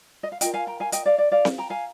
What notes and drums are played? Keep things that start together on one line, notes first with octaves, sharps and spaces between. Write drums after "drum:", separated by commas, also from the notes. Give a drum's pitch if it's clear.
D#5
F5
F4 A#4 D#5 G5, drum: hi-hat
F5 G#5
G5 A#5
F5 G#5
D#5 G5, drum: hi-hat
D5 F5
D5
D5 F5
drum: snare C4
G5 A#5
F5 G#5